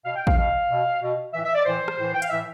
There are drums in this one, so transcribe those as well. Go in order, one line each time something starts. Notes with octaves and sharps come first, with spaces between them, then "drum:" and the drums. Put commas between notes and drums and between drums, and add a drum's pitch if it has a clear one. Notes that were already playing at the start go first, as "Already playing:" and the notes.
B2 F5
G5
F5, drum: kick
B2 F5
B2
B2
A2 E3 E5
E5
D5
A2 E3 C5
drum: rim click
A2 E3
G5
F5, drum: hi-hat
A2 E3 E5